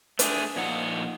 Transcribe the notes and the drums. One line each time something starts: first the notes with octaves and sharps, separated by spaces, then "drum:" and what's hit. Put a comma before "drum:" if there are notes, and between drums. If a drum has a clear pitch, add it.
A3 D4 G#4, drum: hi-hat
A#2 F3 D#4 F#5